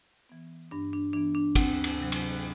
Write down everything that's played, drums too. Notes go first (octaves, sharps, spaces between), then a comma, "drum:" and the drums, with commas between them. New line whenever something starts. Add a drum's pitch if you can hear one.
E3 B3
G2 D4
D4
E3 B3 D4
D4
D2 C4, drum: kick, cymbal
drum: cymbal
C3 F#3
drum: cymbal